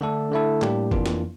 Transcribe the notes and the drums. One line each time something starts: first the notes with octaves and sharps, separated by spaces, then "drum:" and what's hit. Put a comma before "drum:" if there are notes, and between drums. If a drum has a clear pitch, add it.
D3 A3 D4 A4
D3 A3 E4 A4
A2 G3 A#3 D4 G4, drum: clap
F2 E3 A#3 D4 F4, drum: kick
drum: snare